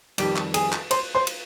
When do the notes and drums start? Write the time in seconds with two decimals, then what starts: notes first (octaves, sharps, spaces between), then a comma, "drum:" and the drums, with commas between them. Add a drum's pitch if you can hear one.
0.18 F2 D#3 G3 G4 G5, drum: cymbal
0.36 drum: clap
0.54 G#4 G#5, drum: cymbal
0.72 drum: clap
0.91 C5 C6, drum: cymbal
1.15 C5 C6
1.27 drum: cymbal